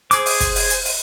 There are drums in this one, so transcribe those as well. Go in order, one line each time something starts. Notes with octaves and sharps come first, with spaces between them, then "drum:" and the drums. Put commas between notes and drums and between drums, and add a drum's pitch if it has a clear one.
G#4 C5 D6, drum: hi-hat
drum: open hi-hat
drum: kick, hi-hat
drum: open hi-hat
drum: hi-hat
drum: open hi-hat